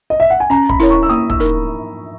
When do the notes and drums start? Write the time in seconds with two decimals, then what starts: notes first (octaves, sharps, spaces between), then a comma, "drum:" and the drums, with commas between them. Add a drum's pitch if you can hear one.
0.10 D#5
0.20 E5
0.30 F#5
0.40 G#5
0.50 C#4 A#5
0.69 B5, drum: kick
0.80 E4 A#4 C#5
0.90 C#6
1.03 E6
1.10 A#3 D#6
1.30 E6, drum: kick
1.40 D#4 A#4